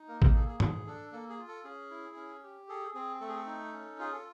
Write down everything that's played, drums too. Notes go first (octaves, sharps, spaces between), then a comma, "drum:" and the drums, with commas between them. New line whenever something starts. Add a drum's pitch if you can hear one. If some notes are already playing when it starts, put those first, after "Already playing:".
Already playing: D#4
A#3 A#4
A#4, drum: kick A1
G#4 A4
G#4
G#4, drum: tom
D4 A4
A#3 A4
G#4
F4
A4
C#4 G#4
E4
C#4
G4
G#4 A4
C4 G#4
A3 A4
G#4
A4
D#4
C#4
F4 G#4
A4